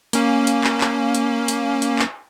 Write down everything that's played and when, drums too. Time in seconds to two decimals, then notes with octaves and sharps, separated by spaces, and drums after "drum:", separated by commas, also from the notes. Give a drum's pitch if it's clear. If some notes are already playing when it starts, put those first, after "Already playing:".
0.13 A#3 C#4, drum: hi-hat
0.47 drum: hi-hat
0.64 drum: clap
0.81 drum: clap
1.15 drum: hi-hat
1.48 drum: hi-hat
1.82 drum: hi-hat
1.99 drum: clap